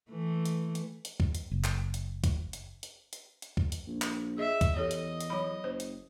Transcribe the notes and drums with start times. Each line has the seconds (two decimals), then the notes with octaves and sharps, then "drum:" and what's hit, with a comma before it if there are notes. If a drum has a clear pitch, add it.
0.10 E3 A3
0.45 drum: hi-hat
0.75 drum: hi-hat
1.05 drum: hi-hat
1.20 drum: kick
1.35 drum: hi-hat
1.51 F#1
1.64 drum: clap
1.94 drum: hi-hat
2.24 drum: kick, hi-hat
2.53 drum: hi-hat
2.83 drum: hi-hat
3.13 drum: hi-hat
3.42 drum: hi-hat
3.57 drum: kick
3.72 drum: hi-hat
3.87 A#1
4.02 drum: clap
4.38 G#4 D#5 E5
4.61 drum: kick, hi-hat
4.76 E2 G4 A4 C#5 D#5
4.91 drum: hi-hat
5.20 drum: hi-hat
5.30 F#3 B5
5.64 F#1 C5
5.80 drum: hi-hat